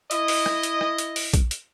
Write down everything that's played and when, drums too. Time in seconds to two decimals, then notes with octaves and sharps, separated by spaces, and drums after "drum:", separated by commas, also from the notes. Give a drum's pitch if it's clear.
0.11 E4 D#5, drum: hi-hat
0.28 drum: open hi-hat
0.46 drum: rim click
0.63 drum: hi-hat
0.81 drum: rim click
0.98 drum: hi-hat
1.16 drum: open hi-hat
1.34 drum: kick A#1, hi-hat
1.51 drum: hi-hat